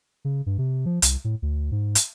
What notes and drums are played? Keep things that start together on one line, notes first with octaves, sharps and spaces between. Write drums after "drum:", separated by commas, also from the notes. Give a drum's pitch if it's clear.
C#3
G2
C3
F3
C2, drum: hi-hat
A2
D2
G#2
drum: hi-hat